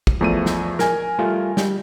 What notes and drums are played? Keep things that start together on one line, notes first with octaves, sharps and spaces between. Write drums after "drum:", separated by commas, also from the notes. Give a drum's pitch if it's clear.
drum: kick
E2 F3 A3 D5 D#7
drum: snare
A#4 G#5, drum: snare
G3 A3 F4
G3, drum: snare